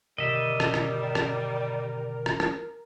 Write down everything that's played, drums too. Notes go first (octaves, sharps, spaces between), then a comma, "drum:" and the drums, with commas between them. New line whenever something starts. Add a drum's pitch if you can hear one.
B2 D3 D#3 G3 A#4 D#5 E5
drum: rim click
drum: rim click
drum: rim click
drum: rim click
drum: rim click